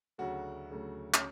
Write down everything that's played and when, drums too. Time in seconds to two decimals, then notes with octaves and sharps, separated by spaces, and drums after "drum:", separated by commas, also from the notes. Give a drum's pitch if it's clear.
0.18 D2 C#3 F#3 A3 F#4
0.71 D2 C#3 F#3 A3
1.14 C#4, drum: clap